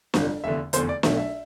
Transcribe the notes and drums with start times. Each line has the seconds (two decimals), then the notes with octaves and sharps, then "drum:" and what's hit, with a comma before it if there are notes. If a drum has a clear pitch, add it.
0.14 G1 F2 C3, drum: snare
0.44 F1 E2 D3 E5
0.73 F1 E2 D3 C5, drum: hi-hat
0.89 D5
1.03 B1 B2 A3 E5, drum: snare
1.17 E5